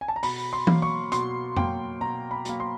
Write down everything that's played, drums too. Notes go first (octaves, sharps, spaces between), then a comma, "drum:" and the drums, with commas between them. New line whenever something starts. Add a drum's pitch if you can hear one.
G#5
A5
A#5
B2 B5, drum: open hi-hat
C6
F#3 A#3, drum: tom E3
C#6
B2 C6, drum: hi-hat
F#3 A#3 G5, drum: tom F2
B2 A#5
B5
F#3 A#3, drum: hi-hat
C6